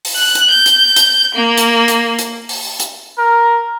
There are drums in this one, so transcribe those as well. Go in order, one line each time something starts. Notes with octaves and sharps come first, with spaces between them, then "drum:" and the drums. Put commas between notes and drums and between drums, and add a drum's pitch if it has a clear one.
drum: open hi-hat
F#6
drum: hi-hat
G6
drum: hi-hat
drum: hi-hat
A#3
drum: hi-hat
drum: hi-hat
drum: hi-hat
drum: open hi-hat
drum: hi-hat
A#4